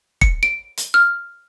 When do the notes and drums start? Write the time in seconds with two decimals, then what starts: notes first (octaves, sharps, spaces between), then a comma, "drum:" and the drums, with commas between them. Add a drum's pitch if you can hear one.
0.21 C#7, drum: kick
0.43 D7
0.77 drum: hi-hat
0.94 F6